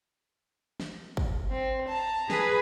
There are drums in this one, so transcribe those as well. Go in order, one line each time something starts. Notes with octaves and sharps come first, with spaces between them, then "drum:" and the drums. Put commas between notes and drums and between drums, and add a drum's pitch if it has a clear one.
drum: snare
drum: kick
C4
A5 A#5
G#4 B4, drum: snare